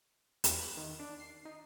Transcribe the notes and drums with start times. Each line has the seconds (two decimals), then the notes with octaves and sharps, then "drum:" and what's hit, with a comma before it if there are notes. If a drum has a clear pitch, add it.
0.44 E2, drum: hi-hat
0.61 F#6
0.77 D#3
0.99 D4
1.20 C7
1.45 D#4